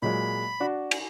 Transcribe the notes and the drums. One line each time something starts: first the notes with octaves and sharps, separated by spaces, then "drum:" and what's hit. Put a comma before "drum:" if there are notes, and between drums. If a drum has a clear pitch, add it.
A#2 F#3 G#3 B5
D4 F#4
drum: cymbal